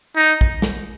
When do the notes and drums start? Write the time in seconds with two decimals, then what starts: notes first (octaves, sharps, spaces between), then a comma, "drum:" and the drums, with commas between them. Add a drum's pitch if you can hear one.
0.16 D#4
0.41 drum: kick A1
0.62 drum: snare